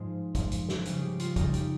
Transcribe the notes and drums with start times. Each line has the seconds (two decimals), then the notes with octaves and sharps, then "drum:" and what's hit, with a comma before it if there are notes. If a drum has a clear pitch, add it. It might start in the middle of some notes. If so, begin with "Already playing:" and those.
Already playing: G#2 F3 G#3
0.35 G#2 F3 G#3, drum: kick, hi-hat
0.52 drum: hi-hat
0.69 drum: snare
0.86 C#3 G3 C#4, drum: hi-hat
0.99 G4 G#4
1.20 F4, drum: hi-hat
1.36 C#3 G3 C#4 D#4, drum: kick, hi-hat
1.54 G4, drum: hi-hat